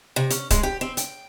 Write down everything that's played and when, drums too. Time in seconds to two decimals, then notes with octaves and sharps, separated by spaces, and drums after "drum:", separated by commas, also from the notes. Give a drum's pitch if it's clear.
0.16 C3
0.31 C#4, drum: hi-hat
0.51 G#3, drum: kick C#1, hi-hat
0.63 G4
0.81 C4
0.97 G5, drum: hi-hat